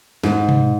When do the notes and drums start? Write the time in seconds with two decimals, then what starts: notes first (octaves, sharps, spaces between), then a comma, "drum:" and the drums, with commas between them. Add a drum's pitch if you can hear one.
0.23 G#2, drum: snare
0.49 drum: tom B2